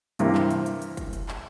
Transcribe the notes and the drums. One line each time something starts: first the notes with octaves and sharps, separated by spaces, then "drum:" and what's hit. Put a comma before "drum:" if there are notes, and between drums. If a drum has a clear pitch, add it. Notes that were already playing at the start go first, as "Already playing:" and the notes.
G2 C3 E3 A#3, drum: hi-hat
drum: clap
drum: hi-hat
drum: hi-hat
drum: hi-hat
drum: kick, hi-hat
drum: hi-hat
drum: clap